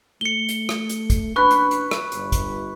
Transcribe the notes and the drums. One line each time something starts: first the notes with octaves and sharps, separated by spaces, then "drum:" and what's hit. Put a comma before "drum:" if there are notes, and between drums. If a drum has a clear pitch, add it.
A3 C#7 G7
drum: hi-hat
drum: rim click
drum: hi-hat
drum: kick, hi-hat
F#1 D4 B4 B5 C#6 F#6
drum: hi-hat
drum: hi-hat
drum: rim click
G1, drum: hi-hat
drum: kick, hi-hat